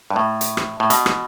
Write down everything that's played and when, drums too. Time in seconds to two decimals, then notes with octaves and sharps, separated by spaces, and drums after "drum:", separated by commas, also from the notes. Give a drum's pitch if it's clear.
0.10 G2
0.16 A2
0.41 drum: hi-hat
0.57 drum: rim click
0.80 A2
0.90 B2, drum: hi-hat
1.06 drum: rim click